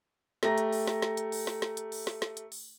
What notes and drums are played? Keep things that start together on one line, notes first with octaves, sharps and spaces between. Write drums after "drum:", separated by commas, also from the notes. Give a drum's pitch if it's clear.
A3 G4 A#5 A#6, drum: snare
drum: hi-hat
drum: open hi-hat
drum: snare
drum: snare
drum: hi-hat
drum: open hi-hat
drum: snare
drum: snare
drum: hi-hat
drum: open hi-hat
drum: snare
drum: snare
drum: hi-hat
drum: open hi-hat